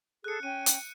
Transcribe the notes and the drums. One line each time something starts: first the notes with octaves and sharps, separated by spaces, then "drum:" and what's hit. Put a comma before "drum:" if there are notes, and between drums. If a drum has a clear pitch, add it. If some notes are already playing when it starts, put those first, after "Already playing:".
G#4 A4 F#6 C#7
C#4 G5 D#7
drum: hi-hat